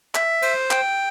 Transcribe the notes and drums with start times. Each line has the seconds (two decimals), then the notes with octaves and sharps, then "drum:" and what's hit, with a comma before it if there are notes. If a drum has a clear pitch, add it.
0.15 E5, drum: clap
0.42 C5, drum: cymbal
0.71 G5, drum: clap